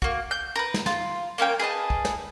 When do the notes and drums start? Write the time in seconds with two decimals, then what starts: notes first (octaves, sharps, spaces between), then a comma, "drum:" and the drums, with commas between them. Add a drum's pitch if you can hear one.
0.02 A#3 F#4, drum: kick
0.31 G6
0.56 A#4 B4
0.74 drum: snare
0.86 F4, drum: snare
1.38 A#3 C#4 A#4 G5
1.60 G#4 B4 D#5 A5
1.90 drum: kick
2.05 drum: snare